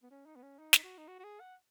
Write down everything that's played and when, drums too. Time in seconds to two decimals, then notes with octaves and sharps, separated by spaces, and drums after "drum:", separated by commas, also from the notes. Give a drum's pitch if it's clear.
0.03 B3
0.10 C#4
0.26 D#4
0.36 B3
0.43 C#4
0.59 D#4
0.73 drum: snare
0.83 F#4
0.98 D#4
1.08 F#4
1.19 F#4
1.24 G#4
1.40 F#5